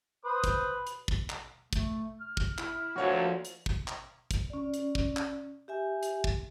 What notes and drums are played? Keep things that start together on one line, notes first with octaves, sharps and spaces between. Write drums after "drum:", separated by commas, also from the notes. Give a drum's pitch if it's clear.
B4 C5 C6 D#6
drum: kick, hi-hat
drum: hi-hat
drum: kick
drum: clap
A3, drum: kick, hi-hat
F6
drum: kick
E4, drum: clap
D2 A#2 F3 F#4 C#5 F5
drum: hi-hat
drum: kick
drum: clap
drum: kick, hi-hat
C#4 D5
drum: hi-hat
drum: kick
drum: clap
G4 E5 G#5
drum: hi-hat
drum: kick